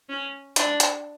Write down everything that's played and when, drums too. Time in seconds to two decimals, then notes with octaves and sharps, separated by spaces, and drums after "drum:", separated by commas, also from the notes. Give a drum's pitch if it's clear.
0.09 C#4
0.56 D4, drum: hi-hat
0.80 drum: hi-hat